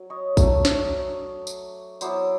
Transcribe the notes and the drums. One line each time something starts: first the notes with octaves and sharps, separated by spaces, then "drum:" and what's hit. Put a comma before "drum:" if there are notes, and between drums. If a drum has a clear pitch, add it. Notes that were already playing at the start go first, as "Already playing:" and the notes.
Already playing: F#3
C#5 D#5
F#3 A3 D4, drum: kick A#1, tambourine
drum: snare
drum: tambourine
F#3 B3 E4 C5 D5, drum: tambourine